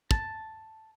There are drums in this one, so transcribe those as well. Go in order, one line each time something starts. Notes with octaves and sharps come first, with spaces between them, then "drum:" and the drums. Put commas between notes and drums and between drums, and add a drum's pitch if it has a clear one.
A5, drum: kick